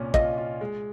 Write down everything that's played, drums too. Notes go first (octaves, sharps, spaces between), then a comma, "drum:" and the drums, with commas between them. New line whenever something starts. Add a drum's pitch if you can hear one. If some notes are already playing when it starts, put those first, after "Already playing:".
Already playing: C2 A#2 C#4
F4 D#5, drum: kick
F4
G#3